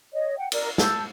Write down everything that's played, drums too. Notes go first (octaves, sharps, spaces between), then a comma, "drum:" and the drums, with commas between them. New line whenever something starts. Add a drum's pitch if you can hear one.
C#5 D#5
F#5 G5
A#4 D5, drum: cymbal
A5 E6 G6, drum: snare